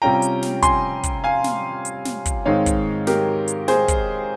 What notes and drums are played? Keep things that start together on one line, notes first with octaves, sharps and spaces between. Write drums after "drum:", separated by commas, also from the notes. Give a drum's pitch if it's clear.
C3 G3 C#4 F4 G5 A#5
drum: hi-hat
drum: snare
G#5 C6, drum: kick, hi-hat
drum: kick, hi-hat
F5 G#5
drum: snare
drum: hi-hat
drum: snare
drum: kick, hi-hat
G#2 D#3 G#3 C4 C#5 F5
drum: kick, hi-hat
G4 A#4, drum: snare
drum: hi-hat
G#4 C5, drum: snare
drum: kick, hi-hat